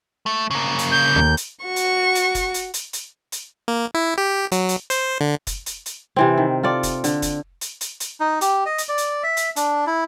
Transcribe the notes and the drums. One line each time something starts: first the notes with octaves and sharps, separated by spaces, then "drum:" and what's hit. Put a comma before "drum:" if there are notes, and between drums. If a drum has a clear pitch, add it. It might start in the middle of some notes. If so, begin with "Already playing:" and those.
A3
C#3 A#3
drum: hi-hat
G6
D#2
drum: hi-hat
F#4 C#6
drum: hi-hat
drum: hi-hat
drum: kick, hi-hat
drum: hi-hat
drum: hi-hat
drum: hi-hat
drum: hi-hat
A#3
E4
G4
F#3, drum: hi-hat
drum: hi-hat
C5, drum: hi-hat
D3
drum: kick, hi-hat
drum: hi-hat
drum: hi-hat
C3 E3 C4
D#3
F4 A4 D5
drum: kick, hi-hat
D3, drum: hi-hat
drum: kick, hi-hat
drum: hi-hat
drum: hi-hat
drum: hi-hat
D#4
G4, drum: hi-hat
D#5
drum: hi-hat
D5
drum: hi-hat
E5
drum: hi-hat
D4, drum: hi-hat
E4